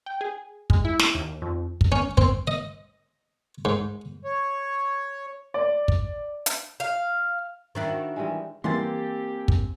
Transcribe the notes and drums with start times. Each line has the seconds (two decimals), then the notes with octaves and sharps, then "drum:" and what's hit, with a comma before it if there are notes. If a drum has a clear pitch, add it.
0.06 G5
0.21 G#4
0.70 G#3, drum: kick
0.85 E4
0.99 drum: snare
1.15 D#2
1.42 F2
1.81 drum: kick
1.92 C#4
2.18 C4, drum: kick
2.47 D#5
3.65 G#2
4.23 C#5
5.54 D5
5.88 drum: kick
6.46 drum: hi-hat
6.80 F5
7.75 D#3 D4 E4
7.89 F#4
8.16 E3 G3 G#3
8.64 E3 G3 A#3 C4 G4 G#5 C6 A6
9.48 drum: kick